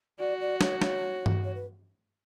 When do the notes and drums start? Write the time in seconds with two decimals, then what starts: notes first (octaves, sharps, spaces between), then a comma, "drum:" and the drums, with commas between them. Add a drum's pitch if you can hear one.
0.19 F#4 D5
0.40 D5
0.61 C#5, drum: snare
0.81 C#5, drum: snare
1.26 drum: tom G2
1.44 C#5
1.55 B4